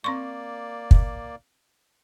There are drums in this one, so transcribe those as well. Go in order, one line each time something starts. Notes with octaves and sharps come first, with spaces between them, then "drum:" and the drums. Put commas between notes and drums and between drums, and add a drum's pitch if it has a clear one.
A#3 C4 D5 C6 C#6
drum: kick